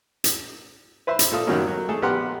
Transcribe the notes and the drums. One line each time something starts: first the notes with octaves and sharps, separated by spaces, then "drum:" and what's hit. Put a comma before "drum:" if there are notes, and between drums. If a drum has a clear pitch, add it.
drum: hi-hat
B4 C5 E5 C6
drum: hi-hat
A#2 A4 F5 D#6
F#2 D#3 F#3 G3 A#3 C#4
F#3
A3 G#4 A4
A#1 B3 G4 A#4 F#5 C6